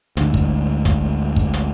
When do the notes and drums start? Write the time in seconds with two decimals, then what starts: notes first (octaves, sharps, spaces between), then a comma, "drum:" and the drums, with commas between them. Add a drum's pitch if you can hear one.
0.17 D2 G#2, drum: hi-hat
0.34 drum: kick
0.85 drum: kick, hi-hat
1.36 drum: kick
1.54 drum: hi-hat